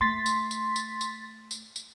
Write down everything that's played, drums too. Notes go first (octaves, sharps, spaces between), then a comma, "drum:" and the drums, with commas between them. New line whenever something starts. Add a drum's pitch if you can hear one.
A3 C6 A6 B6
drum: tambourine
drum: tambourine
drum: tambourine
drum: tambourine
drum: tambourine
drum: tambourine